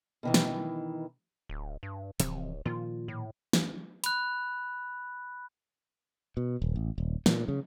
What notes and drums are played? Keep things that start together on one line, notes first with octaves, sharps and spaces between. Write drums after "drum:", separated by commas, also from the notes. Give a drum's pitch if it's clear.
B2 D#3 E3
drum: snare
D1
G2
D1 C3 E3 F3, drum: hi-hat
A#2 D#3 F3 F4
A2
drum: snare
B5 F#6, drum: hi-hat
B2
D#1
A1
D#1
A#2, drum: snare
C#3